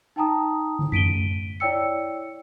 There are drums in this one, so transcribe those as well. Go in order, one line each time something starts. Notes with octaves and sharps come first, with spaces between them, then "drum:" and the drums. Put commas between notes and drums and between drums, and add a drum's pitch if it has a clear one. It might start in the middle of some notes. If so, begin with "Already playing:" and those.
D#4 G5 A5 A#5 D#6
drum: tom
B6 D7 D#7 G7, drum: tom F#2
E4 C#5 D5 G5 E6 C#7